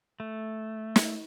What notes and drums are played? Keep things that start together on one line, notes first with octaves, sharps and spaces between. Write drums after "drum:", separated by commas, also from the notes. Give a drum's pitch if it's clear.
A3
drum: snare